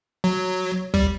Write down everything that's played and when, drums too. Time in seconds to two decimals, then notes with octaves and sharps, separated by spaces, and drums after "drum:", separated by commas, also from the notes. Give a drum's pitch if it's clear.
0.24 F#3
0.94 G3, drum: kick